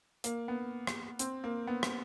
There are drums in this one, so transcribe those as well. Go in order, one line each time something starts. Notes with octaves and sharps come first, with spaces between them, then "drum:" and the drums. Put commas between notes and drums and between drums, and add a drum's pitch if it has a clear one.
A#3, drum: hi-hat
B3
drum: rim click
C4, drum: hi-hat
A#3
B3
drum: rim click